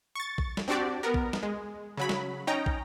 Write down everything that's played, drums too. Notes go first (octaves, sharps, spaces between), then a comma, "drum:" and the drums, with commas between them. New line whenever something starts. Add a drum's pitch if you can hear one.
C#6 A6
drum: kick
drum: snare
C4 D4 F#4 G4 D5
B3 A#4
drum: kick
drum: snare
G#3
C#3 F#3 B5
drum: snare
C#4 D#4 G5 A#5
drum: kick